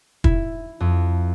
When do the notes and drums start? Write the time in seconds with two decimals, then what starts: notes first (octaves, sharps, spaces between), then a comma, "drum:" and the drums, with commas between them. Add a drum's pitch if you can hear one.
0.24 E4, drum: kick
0.80 F2